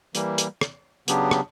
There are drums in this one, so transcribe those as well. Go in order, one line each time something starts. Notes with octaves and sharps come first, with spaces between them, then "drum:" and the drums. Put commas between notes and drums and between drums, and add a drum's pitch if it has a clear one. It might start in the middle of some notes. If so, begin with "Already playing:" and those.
E3 G3 A#3, drum: hi-hat
drum: hi-hat
drum: rim click
C#3 F#3 B3 D4 G4, drum: hi-hat
drum: rim click